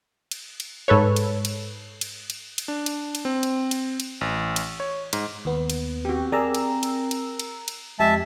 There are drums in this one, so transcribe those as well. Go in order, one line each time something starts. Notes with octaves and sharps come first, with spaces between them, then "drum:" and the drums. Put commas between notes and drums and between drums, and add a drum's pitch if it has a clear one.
drum: cymbal
drum: cymbal
G#2 A4 B4 C#5
drum: cymbal
drum: cymbal
drum: cymbal
drum: cymbal
drum: cymbal
D4
drum: cymbal
drum: cymbal
C4
drum: cymbal
drum: cymbal
drum: cymbal
A1
drum: cymbal
C#5
G#2, drum: cymbal
D#2 B3
drum: cymbal
C4 F#4 G4
G#4 A#4 D5 A#5 E6
drum: cymbal
drum: cymbal
drum: cymbal
drum: cymbal
drum: cymbal
F2 G#3 G4 E5 G#5 A5